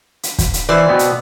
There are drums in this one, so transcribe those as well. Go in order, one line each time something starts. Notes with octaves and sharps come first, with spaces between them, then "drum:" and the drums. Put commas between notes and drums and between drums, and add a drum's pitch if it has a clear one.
drum: hi-hat
drum: kick, hi-hat
drum: hi-hat
E3 C5 D5
B2 B3 C4
drum: hi-hat